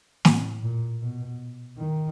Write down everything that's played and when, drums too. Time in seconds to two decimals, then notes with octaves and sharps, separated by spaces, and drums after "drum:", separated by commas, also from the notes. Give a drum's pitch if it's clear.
0.25 A2, drum: snare
0.63 A#2
1.01 B2
1.78 D#3